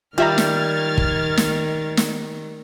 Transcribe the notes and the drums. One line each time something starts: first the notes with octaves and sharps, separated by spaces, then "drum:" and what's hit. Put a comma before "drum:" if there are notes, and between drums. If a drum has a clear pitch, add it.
D#3 G3 F4 E5 A#5 F6 G#6 A6
drum: snare
drum: kick
drum: snare
drum: snare